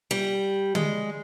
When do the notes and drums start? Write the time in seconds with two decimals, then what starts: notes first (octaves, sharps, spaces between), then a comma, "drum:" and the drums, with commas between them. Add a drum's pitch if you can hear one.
0.11 G3
0.75 G#3, drum: tom D3